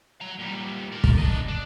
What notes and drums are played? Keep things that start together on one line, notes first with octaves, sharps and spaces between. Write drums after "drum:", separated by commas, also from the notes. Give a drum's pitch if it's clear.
F#3 A#5
A#2 G3
A#4 D5
drum: kick
D4 D#5
D4